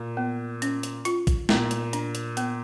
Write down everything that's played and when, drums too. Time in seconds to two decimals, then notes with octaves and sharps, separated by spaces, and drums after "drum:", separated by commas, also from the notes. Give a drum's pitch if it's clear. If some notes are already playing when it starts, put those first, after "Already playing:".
Already playing: A#2
0.17 B3
0.62 C#4, drum: hi-hat
0.83 drum: hi-hat
1.05 F4, drum: hi-hat
1.27 drum: kick, hi-hat
1.49 A#2 B3, drum: snare
1.71 drum: hi-hat
1.93 D4, drum: hi-hat
2.15 drum: hi-hat
2.37 B3, drum: hi-hat